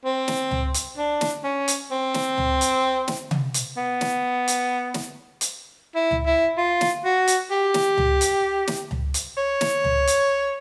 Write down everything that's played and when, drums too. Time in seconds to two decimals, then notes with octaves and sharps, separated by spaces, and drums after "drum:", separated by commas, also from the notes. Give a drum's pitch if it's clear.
0.05 C4
0.28 drum: snare
0.51 drum: tom C#2
0.74 drum: hi-hat
0.97 D4
1.21 drum: snare
1.44 C#4
1.68 drum: hi-hat
1.91 C4
2.14 drum: snare
2.38 drum: tom C#2
2.61 drum: hi-hat
3.08 drum: snare
3.31 drum: tom C3
3.54 drum: hi-hat
3.77 B3
4.01 drum: snare
4.48 drum: hi-hat
4.94 drum: snare
5.41 drum: hi-hat
5.95 E4
6.11 drum: tom C#2
6.26 E4
6.57 F4
6.81 drum: snare
7.05 F#4
7.28 drum: hi-hat
7.51 G4
7.74 drum: snare
7.98 drum: tom C#2
8.21 drum: hi-hat
8.67 drum: snare
8.91 drum: tom C#2
9.14 drum: hi-hat
9.37 C#5
9.61 drum: snare
9.84 drum: tom C#2
10.07 drum: hi-hat